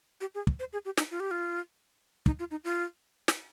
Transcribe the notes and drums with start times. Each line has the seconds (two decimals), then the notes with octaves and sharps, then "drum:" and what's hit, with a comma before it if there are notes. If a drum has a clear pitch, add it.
0.21 G4
0.35 G#4
0.47 drum: kick
0.59 C5
0.73 G#4
0.85 G4
0.98 D#4, drum: snare
1.11 F4
1.20 G4
1.31 F4
2.26 D#4, drum: kick
2.39 F4
2.51 D#4
2.64 F4
3.28 drum: snare